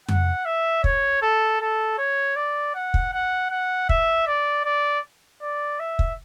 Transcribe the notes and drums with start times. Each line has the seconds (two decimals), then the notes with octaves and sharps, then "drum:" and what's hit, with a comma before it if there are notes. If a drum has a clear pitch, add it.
0.09 F#5, drum: tom F2
0.45 E5
0.84 C#5, drum: kick
1.22 A4
1.60 A4
1.98 C#5
2.36 D5
2.75 F#5
2.94 drum: kick
3.13 F#5
3.50 F#5
3.89 E5, drum: kick
4.27 D5
4.65 D5
5.42 D5
5.79 E5
5.99 drum: kick